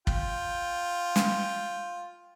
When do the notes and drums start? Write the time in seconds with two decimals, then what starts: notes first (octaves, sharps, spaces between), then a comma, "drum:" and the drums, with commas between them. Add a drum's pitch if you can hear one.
0.07 F4 G5, drum: kick
1.16 drum: snare